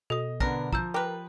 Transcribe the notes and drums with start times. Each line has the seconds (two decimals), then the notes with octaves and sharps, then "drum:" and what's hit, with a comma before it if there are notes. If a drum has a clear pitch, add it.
0.10 B2 A4 D#5 D#6
0.40 D3 B3 D4 A#4 A#6, drum: kick
0.73 F3 A#5 E6 G6, drum: kick
0.94 G4 A#4 B4